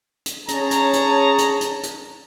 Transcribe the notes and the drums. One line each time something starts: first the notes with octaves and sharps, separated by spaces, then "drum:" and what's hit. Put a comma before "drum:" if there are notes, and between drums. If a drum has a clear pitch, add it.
drum: hi-hat
C#4 G#4 C#5 A5 A#5, drum: hi-hat
drum: hi-hat
drum: hi-hat
drum: hi-hat
drum: hi-hat
drum: hi-hat